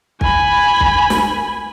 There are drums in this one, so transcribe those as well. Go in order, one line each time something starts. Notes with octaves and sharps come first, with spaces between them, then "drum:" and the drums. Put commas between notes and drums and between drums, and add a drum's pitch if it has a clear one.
G#5 B5, drum: kick
drum: kick
drum: snare